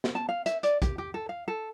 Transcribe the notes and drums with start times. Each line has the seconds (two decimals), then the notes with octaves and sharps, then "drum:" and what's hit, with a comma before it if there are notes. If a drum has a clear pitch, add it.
0.04 drum: snare
0.15 A5
0.29 F5
0.46 E5, drum: hi-hat
0.63 D5, drum: hi-hat
0.82 G4, drum: kick, hi-hat
0.98 G4
1.14 A4
1.29 F5
1.48 A4